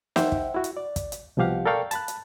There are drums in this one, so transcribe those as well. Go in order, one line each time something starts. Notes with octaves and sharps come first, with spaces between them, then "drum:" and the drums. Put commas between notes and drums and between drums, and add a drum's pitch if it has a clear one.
C5 E5 F#5 G5, drum: snare
drum: kick
E4 F#4
drum: hi-hat
D5
drum: kick, hi-hat
drum: hi-hat
C2 B2 F3 G4 F5 F#5
A4 A#4 D5 F5 G5 C#6
A5 B5 F#6, drum: hi-hat
drum: hi-hat